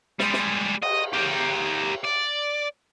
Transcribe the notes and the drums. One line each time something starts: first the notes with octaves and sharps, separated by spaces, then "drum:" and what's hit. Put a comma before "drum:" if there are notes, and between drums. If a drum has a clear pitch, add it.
G3 G#3, drum: snare
drum: snare
D#5, drum: cymbal
G4 A#4
D5